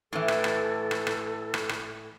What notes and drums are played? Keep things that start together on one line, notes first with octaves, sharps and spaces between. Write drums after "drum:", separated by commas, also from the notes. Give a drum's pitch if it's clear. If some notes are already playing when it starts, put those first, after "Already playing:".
A2 E3 A4
drum: rim click
drum: rim click
drum: rim click
drum: rim click
drum: rim click
drum: rim click